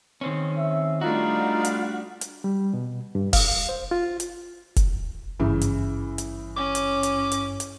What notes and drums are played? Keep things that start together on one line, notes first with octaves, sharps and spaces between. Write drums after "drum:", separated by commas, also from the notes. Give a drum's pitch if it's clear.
D#3 C4 C#4
E5
G3 A3 D4 D#4 F4 F#4
drum: hi-hat
drum: hi-hat
G3
B2
G2
F5, drum: kick F1, open hi-hat
C5
F4
drum: hi-hat
drum: kick F1, hi-hat
G#1 G2 C#3 E3
drum: hi-hat
drum: hi-hat
C#4 D6
drum: hi-hat
drum: hi-hat
drum: hi-hat
drum: hi-hat